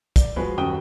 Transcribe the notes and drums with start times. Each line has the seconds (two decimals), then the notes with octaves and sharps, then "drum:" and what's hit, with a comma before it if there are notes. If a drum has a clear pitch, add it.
0.16 D5, drum: kick, hi-hat
0.36 F3 G#3 F#4 G#4 B4
0.57 D#1 F#2 F#4 G5 D#6 G7